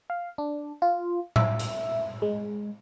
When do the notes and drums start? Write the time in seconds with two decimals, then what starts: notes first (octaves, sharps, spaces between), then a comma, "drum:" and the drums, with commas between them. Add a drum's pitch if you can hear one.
0.10 F5
0.38 D4
0.82 F4
1.36 E5, drum: tom A2
1.59 drum: hi-hat
2.22 G#3